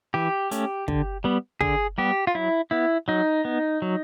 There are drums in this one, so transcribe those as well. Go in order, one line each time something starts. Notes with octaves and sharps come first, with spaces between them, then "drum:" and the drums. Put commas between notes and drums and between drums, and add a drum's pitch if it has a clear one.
E3 G4
A3 C#4, drum: hi-hat
D3, drum: kick
G3 B3
D3 G#4, drum: kick
G3 B3 G4
F4
F#3 E4
B3 E4
F#3 D#4
B3
F#3